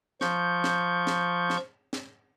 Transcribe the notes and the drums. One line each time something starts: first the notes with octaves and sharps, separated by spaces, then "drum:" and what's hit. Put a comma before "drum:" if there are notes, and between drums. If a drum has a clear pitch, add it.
F3 C#6 G6, drum: snare
drum: snare
drum: snare
drum: snare
drum: snare